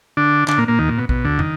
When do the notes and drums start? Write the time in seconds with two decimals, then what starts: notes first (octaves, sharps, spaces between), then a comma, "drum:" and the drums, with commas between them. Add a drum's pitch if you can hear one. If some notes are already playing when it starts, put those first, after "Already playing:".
0.17 D3 D4
0.48 D3 D4, drum: clap
0.58 A#2 A#3
0.68 A#2 A#3
0.79 D#2 D#3
0.89 A#2
0.98 B2
1.09 B2, drum: kick
1.25 D2 D3
1.39 D#3, drum: tom